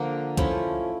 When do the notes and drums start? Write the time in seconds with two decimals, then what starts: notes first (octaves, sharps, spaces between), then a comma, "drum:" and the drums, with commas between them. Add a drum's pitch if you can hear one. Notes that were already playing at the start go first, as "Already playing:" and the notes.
Already playing: D3 F3 A#3
0.37 F3 A3 C#4 E4, drum: kick C2, hi-hat